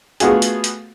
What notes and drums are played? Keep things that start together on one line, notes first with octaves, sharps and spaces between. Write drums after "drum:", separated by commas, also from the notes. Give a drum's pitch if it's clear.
A3 B3 F4 F#4 G#4, drum: hi-hat
drum: hi-hat
drum: hi-hat